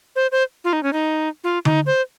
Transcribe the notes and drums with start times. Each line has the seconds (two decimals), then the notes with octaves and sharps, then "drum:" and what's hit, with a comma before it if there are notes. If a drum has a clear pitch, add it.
0.16 C5
0.32 C5
0.64 F4
0.73 D#4
0.83 C#4
0.93 D#4
1.44 F4
1.65 D#4, drum: tom D3
1.86 C5